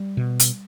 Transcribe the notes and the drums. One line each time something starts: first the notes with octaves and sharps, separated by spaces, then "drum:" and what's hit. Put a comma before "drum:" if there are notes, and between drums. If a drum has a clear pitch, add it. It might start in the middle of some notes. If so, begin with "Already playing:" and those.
Already playing: G3
B2
drum: hi-hat